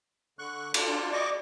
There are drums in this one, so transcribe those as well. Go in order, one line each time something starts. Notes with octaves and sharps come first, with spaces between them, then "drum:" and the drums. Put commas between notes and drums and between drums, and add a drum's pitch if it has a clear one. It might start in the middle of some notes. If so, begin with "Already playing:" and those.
D3 C#6 F#6
D4 F4 A4, drum: cymbal
D5
D#5 C#6 D6